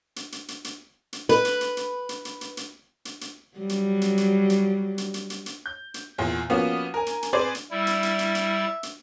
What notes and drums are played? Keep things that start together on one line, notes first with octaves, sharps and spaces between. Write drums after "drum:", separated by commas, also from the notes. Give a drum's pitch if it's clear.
drum: hi-hat
drum: hi-hat
drum: hi-hat
drum: hi-hat
drum: hi-hat
B4, drum: hi-hat
drum: hi-hat
drum: hi-hat
drum: hi-hat
drum: hi-hat
drum: hi-hat
drum: hi-hat
drum: hi-hat
drum: hi-hat
drum: hi-hat
F#3 G3
drum: hi-hat
drum: hi-hat
drum: hi-hat
drum: hi-hat
drum: hi-hat
drum: hi-hat
drum: hi-hat
drum: hi-hat
G6
drum: hi-hat
E2 A#2
F3 A#3 B3 C#4 F4 F#4
A#4 G#5
drum: hi-hat
drum: hi-hat
C4 G#4 B4 C5 D5 G#5
drum: hi-hat
G3 E4 E5
drum: hi-hat
drum: hi-hat
drum: hi-hat
drum: hi-hat
drum: hi-hat